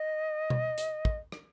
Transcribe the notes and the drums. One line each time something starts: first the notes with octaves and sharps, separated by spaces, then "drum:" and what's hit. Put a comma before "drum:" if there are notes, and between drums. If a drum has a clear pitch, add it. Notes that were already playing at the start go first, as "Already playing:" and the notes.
Already playing: D#5
drum: tom B2
drum: hi-hat
drum: kick
drum: rim click